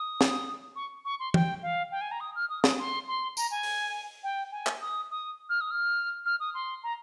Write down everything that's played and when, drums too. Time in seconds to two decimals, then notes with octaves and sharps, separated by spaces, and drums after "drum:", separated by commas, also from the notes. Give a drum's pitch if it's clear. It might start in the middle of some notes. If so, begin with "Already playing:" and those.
Already playing: D#6
0.21 drum: snare
0.76 C#6
1.05 C#6
1.19 C6
1.34 G5, drum: tom
1.63 F5
1.91 G5
2.01 G#5
2.11 A#5
2.20 D#6
2.35 F6
2.50 D#6
2.64 D#6, drum: snare
2.79 C6
3.08 C6
3.37 A#5, drum: tambourine
3.51 G#5
3.63 drum: open hi-hat
4.23 G5
4.52 G#5
4.67 drum: clap
4.81 D#6
5.10 D#6
5.49 F6
5.61 D#6
5.71 F6
6.26 F6
6.40 D#6
6.54 C6
6.83 A#5